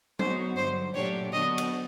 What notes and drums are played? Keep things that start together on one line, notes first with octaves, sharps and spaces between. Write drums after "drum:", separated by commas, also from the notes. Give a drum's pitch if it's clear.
F#3 B3 D#4 F#4 C5, drum: tom F#3
G2 D3 F#3 C5
A#2 F#3 A3 D4 G4 C#5
D3 F#3 B3 D4 F#4 D#5
drum: cymbal